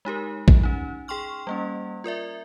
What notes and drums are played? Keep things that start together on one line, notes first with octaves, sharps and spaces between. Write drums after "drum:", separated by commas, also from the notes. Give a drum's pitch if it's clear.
G#3 D#4 G4 A#4
drum: kick A#1
C#4 D#4
G#4 G5 C6 C#6 F6
G3 A#3 C#4
F4 A#4 D5 E5